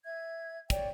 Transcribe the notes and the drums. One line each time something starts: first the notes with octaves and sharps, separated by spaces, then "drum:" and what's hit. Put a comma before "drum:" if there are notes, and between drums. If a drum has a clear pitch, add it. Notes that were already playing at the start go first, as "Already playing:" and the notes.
E5 G#6
C#5 D5 G5, drum: kick, hi-hat